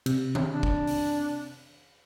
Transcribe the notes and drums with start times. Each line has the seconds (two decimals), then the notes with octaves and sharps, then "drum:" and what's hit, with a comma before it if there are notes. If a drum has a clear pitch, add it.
0.06 C3, drum: cymbal
0.35 drum: tom D#3
0.54 D4
0.63 drum: kick
0.87 drum: open hi-hat